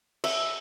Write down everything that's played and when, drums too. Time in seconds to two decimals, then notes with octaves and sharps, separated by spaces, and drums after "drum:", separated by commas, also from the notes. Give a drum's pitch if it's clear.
0.24 E5, drum: cymbal